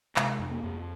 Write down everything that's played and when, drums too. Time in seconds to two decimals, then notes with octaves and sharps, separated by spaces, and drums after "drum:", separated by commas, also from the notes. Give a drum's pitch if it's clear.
0.16 C3 G#3, drum: clap
0.39 F2
0.51 A#3
0.63 F2